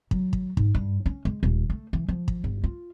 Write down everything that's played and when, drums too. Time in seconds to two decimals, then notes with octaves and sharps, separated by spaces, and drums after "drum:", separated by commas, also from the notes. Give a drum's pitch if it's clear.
0.11 F#3, drum: kick
0.33 drum: kick
0.57 G#2, drum: kick
0.75 G2
1.06 C#4
1.25 G#3
1.43 D#1
1.70 A3
1.93 E3
2.08 F3
2.28 drum: kick
2.44 G1
2.64 F4